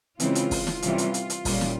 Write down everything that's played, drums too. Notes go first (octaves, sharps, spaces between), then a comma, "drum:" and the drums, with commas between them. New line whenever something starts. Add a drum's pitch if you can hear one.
C#3 E3 G#3 C4 F4, drum: hi-hat
drum: hi-hat
drum: kick, open hi-hat
drum: snare
C3 E3 G3 C#4, drum: hi-hat
drum: hi-hat
drum: hi-hat
drum: hi-hat
A#2 G3 C#4, drum: kick, open hi-hat
drum: snare